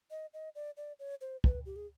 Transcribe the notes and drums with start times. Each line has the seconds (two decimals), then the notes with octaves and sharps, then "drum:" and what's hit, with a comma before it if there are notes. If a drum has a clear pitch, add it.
0.11 D#5
0.34 D#5
0.55 D5
0.77 D5
0.99 C#5
1.21 C5
1.44 B4, drum: kick
1.66 G4
1.76 G#4